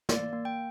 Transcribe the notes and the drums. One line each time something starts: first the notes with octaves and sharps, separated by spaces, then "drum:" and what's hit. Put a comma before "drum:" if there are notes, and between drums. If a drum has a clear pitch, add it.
A#3 D5, drum: snare
A#3
G5